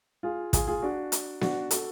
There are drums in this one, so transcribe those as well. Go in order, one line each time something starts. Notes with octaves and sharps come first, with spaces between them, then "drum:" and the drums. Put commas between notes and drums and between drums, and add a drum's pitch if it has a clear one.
F4 G#4
F4 G#4, drum: kick, hi-hat
F4 G#4
D4 F#4
drum: hi-hat
D4 F#4, drum: snare B3
F#4 A4, drum: hi-hat